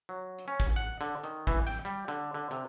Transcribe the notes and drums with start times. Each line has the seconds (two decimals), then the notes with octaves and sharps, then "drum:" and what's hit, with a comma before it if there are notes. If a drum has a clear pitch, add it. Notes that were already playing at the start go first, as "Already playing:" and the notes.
0.09 F#3
0.39 drum: hi-hat
0.48 C#4
0.60 drum: kick, hi-hat
0.76 F#5
1.01 D3, drum: hi-hat
1.23 D#3, drum: hi-hat
1.47 E3, drum: kick, hi-hat
1.67 G5, drum: hi-hat
1.85 G3, drum: hi-hat
2.08 D3, drum: hi-hat
2.34 D3
2.51 C3, drum: hi-hat